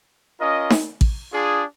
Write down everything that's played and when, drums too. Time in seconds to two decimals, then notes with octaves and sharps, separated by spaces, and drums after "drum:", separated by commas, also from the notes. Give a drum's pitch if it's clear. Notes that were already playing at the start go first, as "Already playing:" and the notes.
0.40 C#4 F4 A#4 D#5
0.70 drum: snare D#4
1.01 drum: kick A1
1.32 D4 F4 G#4